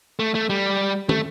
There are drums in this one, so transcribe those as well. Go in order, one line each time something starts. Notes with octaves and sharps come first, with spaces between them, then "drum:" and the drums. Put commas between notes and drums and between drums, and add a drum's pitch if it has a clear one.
A3
A3
G3
A3, drum: tom